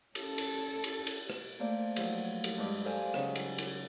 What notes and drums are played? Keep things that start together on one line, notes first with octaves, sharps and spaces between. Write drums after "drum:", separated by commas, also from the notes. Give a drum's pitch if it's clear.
C#4 A4, drum: cymbal
drum: cymbal
drum: cymbal
drum: cymbal
drum: rim click
A3 A#3 C5 D5 F5
F3 F#3, drum: cymbal
drum: cymbal
G2 G#3 B4 D6
A4 C5 D5 F5 G#5
C#3 F#3 C#4 D#4, drum: rim click
drum: cymbal
drum: cymbal